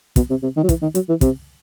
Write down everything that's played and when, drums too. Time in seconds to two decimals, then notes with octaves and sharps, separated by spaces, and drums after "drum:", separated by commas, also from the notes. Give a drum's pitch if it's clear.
0.16 B2, drum: kick, hi-hat
0.30 C3
0.43 C3
0.57 D#3
0.63 F#3
0.69 E3, drum: kick, hi-hat
0.82 D#3
0.95 F#3, drum: hi-hat
1.09 E3
1.21 C3, drum: kick, hi-hat